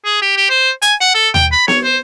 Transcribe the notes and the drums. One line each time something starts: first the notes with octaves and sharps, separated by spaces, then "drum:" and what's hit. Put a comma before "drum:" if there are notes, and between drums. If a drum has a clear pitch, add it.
G#4
G4
G4
C5
G#5, drum: hi-hat
F#5
A4
G5, drum: tom D#2
B5
C#5, drum: snare B3
C5